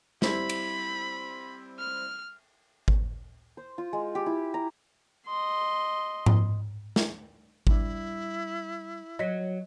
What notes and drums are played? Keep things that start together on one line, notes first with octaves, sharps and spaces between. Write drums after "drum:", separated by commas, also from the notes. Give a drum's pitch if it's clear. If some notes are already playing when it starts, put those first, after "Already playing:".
G3 C4 E4 B5, drum: snare
drum: cymbal
F6
drum: kick G#1
C5
F4
G#3
G4
E4
A#5
D#5 C6
drum: tom G#2
drum: snare
G3 B3 D4 E4, drum: kick G#1
F#3 D#5 B6